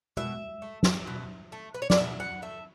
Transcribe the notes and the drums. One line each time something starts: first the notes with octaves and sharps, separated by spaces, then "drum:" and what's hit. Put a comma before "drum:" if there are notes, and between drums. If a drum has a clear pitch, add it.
B2 E5, drum: tom
A3
drum: snare
B2
A3
B4
C#5
D5, drum: snare
B2 E5
F#5
A3 E5